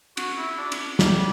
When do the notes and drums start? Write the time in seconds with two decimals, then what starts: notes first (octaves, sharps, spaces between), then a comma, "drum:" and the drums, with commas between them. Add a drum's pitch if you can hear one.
0.17 F#4, drum: cymbal
0.38 E4
0.58 D4
0.72 drum: cymbal
0.99 G3, drum: snare